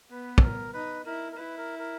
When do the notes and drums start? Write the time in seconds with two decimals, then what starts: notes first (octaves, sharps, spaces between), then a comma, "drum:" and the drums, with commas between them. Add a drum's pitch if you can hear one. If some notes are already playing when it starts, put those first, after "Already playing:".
0.11 B3 B4
0.38 A4, drum: kick
0.43 A#4
0.73 D#4 B4
1.06 E4 A#4
1.32 A#4
1.37 E4 B4
1.58 A#4
1.79 A#4